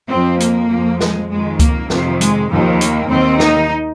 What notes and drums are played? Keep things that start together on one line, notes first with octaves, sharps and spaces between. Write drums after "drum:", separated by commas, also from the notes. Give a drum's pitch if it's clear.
F2 F3 C4
A#3, drum: hi-hat
F2 F3
G#3, drum: snare
F2 D#3 G#3
A#3, drum: kick C#2, hi-hat
F2 C3 D#3 F3, drum: snare
G#3, drum: hi-hat
D#2 D#3 F3
A#3, drum: hi-hat
D#2 D#3 C4
D#4, drum: snare